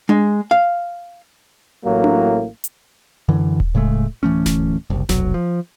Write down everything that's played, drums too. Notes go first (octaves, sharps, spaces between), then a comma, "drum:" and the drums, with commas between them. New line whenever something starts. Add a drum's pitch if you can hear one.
G#3, drum: tom D4
F5
A1 A2 F#3 A#3
drum: tom D4
drum: hi-hat
F#2 D3 E3
drum: kick D#1
A2 C#3 G#3 A3
D1 E3 A3 C#4
drum: snare D#1
F#1 C2
F1 B1 F#3, drum: snare D#1
F3